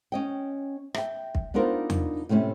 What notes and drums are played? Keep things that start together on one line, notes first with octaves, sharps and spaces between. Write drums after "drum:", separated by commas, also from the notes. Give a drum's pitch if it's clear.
C#4 D#5 G5
E5 G5, drum: rim click
drum: kick
B3 D4 D#4 F4 A#4 C5
drum: tom E2
A2 C3 A3 C#4 E4